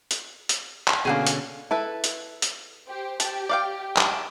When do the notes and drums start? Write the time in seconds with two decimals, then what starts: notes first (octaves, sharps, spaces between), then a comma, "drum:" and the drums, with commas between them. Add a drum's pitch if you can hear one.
0.11 drum: hi-hat
0.49 drum: hi-hat
0.88 drum: clap
1.05 B2 D3 A#3 C#4 G4 G#4
1.27 drum: hi-hat
1.71 E4 A4 B4
2.04 drum: hi-hat
2.42 drum: hi-hat
2.87 G4 C5
3.20 G4 A5, drum: hi-hat
3.49 D5 F5 G5
3.97 D4 A#4, drum: clap